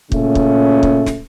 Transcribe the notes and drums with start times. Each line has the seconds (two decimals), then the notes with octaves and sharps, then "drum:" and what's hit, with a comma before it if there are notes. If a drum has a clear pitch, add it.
0.12 A#2 C#3 A3 C#4, drum: kick
0.35 drum: kick
0.83 drum: kick
1.06 drum: snare